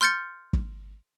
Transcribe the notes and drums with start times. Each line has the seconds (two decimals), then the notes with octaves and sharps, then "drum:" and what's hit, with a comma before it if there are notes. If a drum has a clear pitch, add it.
0.01 C6 F6 G6 A6 C#7
0.53 drum: kick